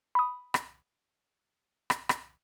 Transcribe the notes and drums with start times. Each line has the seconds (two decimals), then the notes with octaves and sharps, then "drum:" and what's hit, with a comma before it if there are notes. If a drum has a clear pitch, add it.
0.15 B5 D#6
0.54 drum: rim click
1.90 drum: rim click
2.09 drum: rim click